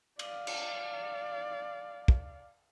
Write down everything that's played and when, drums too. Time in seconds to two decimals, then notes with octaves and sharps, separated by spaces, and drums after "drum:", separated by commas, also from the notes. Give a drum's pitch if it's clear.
0.19 D5 F5, drum: cymbal
0.47 drum: cymbal
2.08 drum: kick